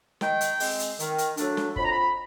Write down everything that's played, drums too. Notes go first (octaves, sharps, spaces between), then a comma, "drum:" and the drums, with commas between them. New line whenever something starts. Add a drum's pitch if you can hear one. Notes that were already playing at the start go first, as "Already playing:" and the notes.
D#3 G5, drum: snare
drum: hi-hat
G#3 C4, drum: open hi-hat
drum: hi-hat
D#3, drum: hi-hat
drum: hi-hat
F#3 A3 D4, drum: hi-hat
drum: snare
F2 B5, drum: kick
A#5
B5